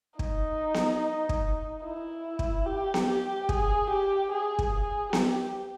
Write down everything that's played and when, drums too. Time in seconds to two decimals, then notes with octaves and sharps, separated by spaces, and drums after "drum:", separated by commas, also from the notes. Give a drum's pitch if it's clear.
0.19 D#4, drum: kick
0.74 drum: snare B3
1.29 drum: kick
1.84 E4
2.39 drum: kick
2.66 G4
2.94 drum: snare B3
3.08 G4
3.49 G#4, drum: kick
3.89 G4
4.31 G#4
4.59 drum: kick
4.73 G#4
5.13 G4, drum: snare B3